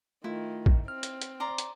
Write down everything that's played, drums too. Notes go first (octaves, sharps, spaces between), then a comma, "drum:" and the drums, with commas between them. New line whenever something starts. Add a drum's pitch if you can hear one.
D#3 A3 E4 F4
drum: kick
C4 F6
drum: hi-hat
drum: hi-hat
D5 A#5 C6
drum: hi-hat